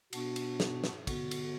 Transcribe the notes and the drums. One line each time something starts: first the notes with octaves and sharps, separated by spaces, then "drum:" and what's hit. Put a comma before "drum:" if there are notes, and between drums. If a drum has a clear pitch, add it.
B2 B3 D4 F#4, drum: cymbal
drum: cymbal
drum: snare
drum: snare
D3 B3 F#4, drum: kick, cymbal
drum: cymbal